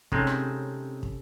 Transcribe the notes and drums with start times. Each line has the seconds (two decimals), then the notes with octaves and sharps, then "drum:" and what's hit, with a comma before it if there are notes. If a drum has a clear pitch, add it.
0.12 C3 D#3 G#3 C4 C#4 A4, drum: kick
0.27 drum: rim click
1.03 drum: kick